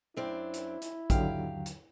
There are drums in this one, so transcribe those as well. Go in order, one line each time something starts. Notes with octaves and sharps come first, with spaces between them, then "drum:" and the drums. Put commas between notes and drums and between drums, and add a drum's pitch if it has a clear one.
F#2 C4 D4 E4
drum: hi-hat
drum: hi-hat
D#2 D3 F#3 G4 F5, drum: kick, hi-hat
drum: hi-hat